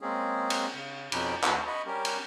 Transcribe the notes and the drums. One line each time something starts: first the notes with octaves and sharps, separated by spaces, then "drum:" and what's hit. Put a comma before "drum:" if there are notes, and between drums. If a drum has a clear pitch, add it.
G#3 A#3 C4 C#4 G#4
drum: cymbal
C#3
F2 B2 C#4 D#4 B5 D6, drum: cymbal
D2 F#4, drum: clap
D#5 B5 C#6
G3 C#4 G4 A#4
drum: cymbal